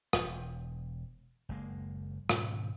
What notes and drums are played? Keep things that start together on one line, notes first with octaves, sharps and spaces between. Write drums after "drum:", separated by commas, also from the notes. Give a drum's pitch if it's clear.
E1, drum: rim click
F#1 G#3 A#3
G#2 B2 D#3 C#4, drum: rim click